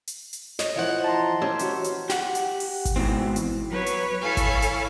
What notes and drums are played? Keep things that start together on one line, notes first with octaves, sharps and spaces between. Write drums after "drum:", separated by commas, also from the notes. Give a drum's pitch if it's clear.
drum: hi-hat
drum: hi-hat
C#5 D#5, drum: snare
E3 F3 F#5
A5 A#5 C6
C#4 G4 C6 E6
E3 F#4, drum: hi-hat
drum: hi-hat
G4 F#5, drum: snare
drum: hi-hat
drum: open hi-hat
drum: kick G#1, hi-hat
G#2 B2 E3 C4
drum: hi-hat
F#3 B4 C#5
drum: hi-hat
E4 A4 C#5 F5 G#5
drum: kick G#1, hi-hat
drum: hi-hat